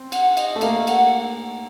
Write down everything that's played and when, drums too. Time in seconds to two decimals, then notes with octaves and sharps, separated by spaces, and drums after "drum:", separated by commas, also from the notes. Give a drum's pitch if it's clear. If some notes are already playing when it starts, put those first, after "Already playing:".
Already playing: C4
0.12 F#5, drum: cymbal
0.37 D#5, drum: cymbal
0.55 A3
0.61 A#3 F5, drum: cymbal
0.87 F#5, drum: cymbal